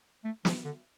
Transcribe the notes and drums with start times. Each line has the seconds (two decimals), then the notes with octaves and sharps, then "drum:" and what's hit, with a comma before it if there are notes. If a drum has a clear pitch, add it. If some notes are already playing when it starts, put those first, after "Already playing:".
0.25 A3
0.45 F3, drum: snare
0.65 D3